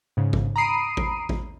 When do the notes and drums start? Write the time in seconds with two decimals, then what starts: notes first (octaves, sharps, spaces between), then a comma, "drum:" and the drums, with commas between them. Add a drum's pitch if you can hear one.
0.17 G#2 C#3
0.33 drum: kick A1
0.56 A#5 B5 D#6 C7 D7 D#7
0.97 drum: kick A1
1.29 drum: kick A1